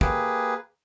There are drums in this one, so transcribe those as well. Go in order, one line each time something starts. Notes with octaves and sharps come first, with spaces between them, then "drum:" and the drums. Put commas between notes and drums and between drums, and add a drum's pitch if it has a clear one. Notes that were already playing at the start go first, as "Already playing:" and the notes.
A#3 G4 G#4 B4, drum: kick